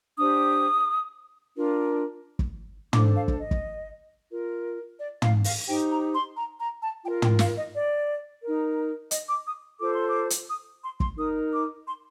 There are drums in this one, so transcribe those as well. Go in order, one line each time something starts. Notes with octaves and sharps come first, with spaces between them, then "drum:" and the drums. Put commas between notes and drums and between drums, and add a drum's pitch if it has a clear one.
D4 G4 C5 D#6
D4 F4 A#4
drum: kick
D4 A4 C5 D6, drum: tom
F5
drum: kick
D#5
drum: kick
F4 A#4
D5
F5, drum: tom
F5, drum: open hi-hat
D#4 G4 C5 G5
A#5
C6
A#5
A#5
A5
F4 A#4 G5
G5, drum: tom
F5, drum: snare
D#5
D5
D#4 A#4
D#5, drum: hi-hat
D6
D#6
F4 A4 C5 D6
C6
D6
drum: hi-hat
D#6
C6
C6, drum: kick
D#4 A#4 D#6
D6
C6